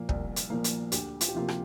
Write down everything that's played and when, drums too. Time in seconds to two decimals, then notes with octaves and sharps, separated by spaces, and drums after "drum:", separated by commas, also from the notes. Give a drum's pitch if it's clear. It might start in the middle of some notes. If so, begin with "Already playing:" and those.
Already playing: A#2 F3 A#3
0.09 C2, drum: kick
0.36 drum: hi-hat
0.50 A#2 F3 A#3
0.64 drum: hi-hat
0.92 D2 G4, drum: hi-hat
1.21 F4, drum: hi-hat
1.28 G4
1.34 C3 F3 A#3 F4
1.48 G4, drum: rim click